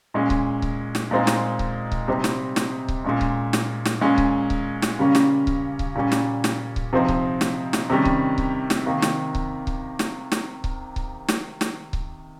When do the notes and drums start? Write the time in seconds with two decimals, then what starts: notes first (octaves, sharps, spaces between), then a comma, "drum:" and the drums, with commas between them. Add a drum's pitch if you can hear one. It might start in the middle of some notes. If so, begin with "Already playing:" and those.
0.14 A#2 G#3 C#4
0.30 drum: kick C#1
0.62 drum: kick C#1
0.95 drum: snare
1.11 A#2 G#3 C4 D#4
1.27 drum: snare
1.59 drum: kick C#1
1.92 drum: kick C#1
2.08 C3 G3 C4 D#4
2.24 drum: snare
2.56 drum: snare
2.88 drum: kick C#1
3.04 A#2 G#3 C#4
3.21 drum: kick C#1
3.53 drum: snare
3.85 drum: snare
4.01 A#2 G#3 C#4
4.18 drum: kick C#1
4.50 drum: kick C#1
4.82 drum: snare
4.99 C#3 G3 A#3 C#4
5.15 drum: snare
5.47 drum: kick C#1
5.79 drum: kick C#1
5.96 A#2 G3 C#4
6.12 drum: snare
6.44 drum: snare
6.76 drum: kick C#1
6.93 C3 F3 C4 D#4
7.08 drum: kick C#1
7.41 drum: snare
7.73 drum: snare
7.90 C3 D#3 G3 C#4
8.05 drum: kick C#1
8.38 drum: kick C#1
8.70 drum: snare
8.86 C3 D#3 A#3
9.02 drum: snare
9.35 drum: kick C#1
9.67 drum: kick C#1
9.99 drum: snare
10.32 drum: snare
10.64 drum: kick C#1
10.96 drum: kick C#1
11.28 drum: snare
11.61 drum: snare
11.93 drum: kick C#1